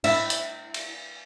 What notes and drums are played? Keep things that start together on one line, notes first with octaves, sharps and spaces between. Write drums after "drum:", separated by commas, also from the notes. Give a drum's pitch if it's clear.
E4, drum: cymbal
drum: hi-hat
drum: cymbal